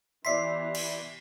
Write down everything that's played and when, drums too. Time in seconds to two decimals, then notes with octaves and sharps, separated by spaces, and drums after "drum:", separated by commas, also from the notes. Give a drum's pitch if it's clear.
0.25 E3 B3 G4 D5 E5 C6 B6 C7
0.75 drum: cymbal